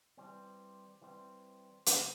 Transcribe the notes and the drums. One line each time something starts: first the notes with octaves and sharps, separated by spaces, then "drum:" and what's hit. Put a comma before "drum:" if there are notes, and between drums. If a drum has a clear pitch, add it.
E3 G3 C4
E3 G3 C4
C#3 F#3 A#3 D#4, drum: hi-hat